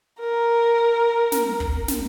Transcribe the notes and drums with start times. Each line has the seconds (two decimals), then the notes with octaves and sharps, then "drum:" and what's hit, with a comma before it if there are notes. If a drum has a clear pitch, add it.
0.19 A#4
1.32 drum: snare
1.60 drum: kick
1.88 drum: snare